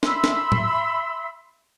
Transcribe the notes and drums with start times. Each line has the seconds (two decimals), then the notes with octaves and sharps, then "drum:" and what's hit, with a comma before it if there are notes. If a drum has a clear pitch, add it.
0.03 E5 B5 C6 E6, drum: snare
0.24 drum: snare
0.52 drum: tom A2